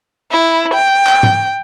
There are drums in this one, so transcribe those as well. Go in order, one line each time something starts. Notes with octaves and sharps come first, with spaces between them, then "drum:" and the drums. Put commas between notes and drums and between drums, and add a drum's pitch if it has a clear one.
E4
G5
drum: clap
drum: tom G#2